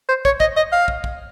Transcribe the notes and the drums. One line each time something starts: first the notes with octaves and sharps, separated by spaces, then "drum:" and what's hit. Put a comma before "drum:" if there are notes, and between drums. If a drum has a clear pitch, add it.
C5
C#5, drum: kick
D#5, drum: kick
D#5
F5
drum: kick
drum: kick